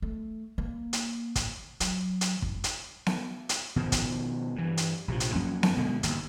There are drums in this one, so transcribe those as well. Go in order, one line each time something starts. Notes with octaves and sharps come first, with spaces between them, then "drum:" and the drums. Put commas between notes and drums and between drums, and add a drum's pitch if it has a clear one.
A3
A#3
drum: hi-hat
drum: kick, hi-hat
F#3, drum: hi-hat
drum: hi-hat
F#1 G#2, drum: kick
drum: hi-hat
drum: snare B3
drum: hi-hat
B2 D#3 F3
drum: kick, hi-hat
G2 E3
drum: hi-hat
A#1 C3 E3 F3
drum: hi-hat
F#2 F3 A#3 C#4
drum: snare B3
B2 D3 G#3
G1 D#2, drum: hi-hat